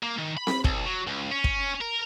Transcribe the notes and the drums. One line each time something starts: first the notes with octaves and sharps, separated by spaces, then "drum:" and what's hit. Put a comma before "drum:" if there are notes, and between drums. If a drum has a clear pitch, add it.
A#3
D#3
B5
drum: snare C4
B1, drum: kick
F#3
C#2
C#4
drum: kick
A#4